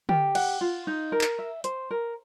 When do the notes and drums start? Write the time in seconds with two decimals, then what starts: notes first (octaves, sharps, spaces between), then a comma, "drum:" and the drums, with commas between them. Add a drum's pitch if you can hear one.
0.09 G4, drum: tom D3
0.35 F#5, drum: cymbal
0.61 F4
0.87 D#4
1.12 A#4
1.21 drum: clap
1.39 E5
1.64 C5, drum: hi-hat
1.91 A#4